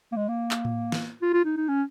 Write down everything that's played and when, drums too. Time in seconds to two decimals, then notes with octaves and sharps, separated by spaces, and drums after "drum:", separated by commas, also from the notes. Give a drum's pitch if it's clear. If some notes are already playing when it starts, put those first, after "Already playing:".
0.12 A#3
0.16 G#3
0.28 A#3
0.51 drum: clap
0.65 drum: tom A2
0.92 drum: snare
1.22 F4
1.34 F4
1.45 D#4
1.57 D#4
1.68 C#4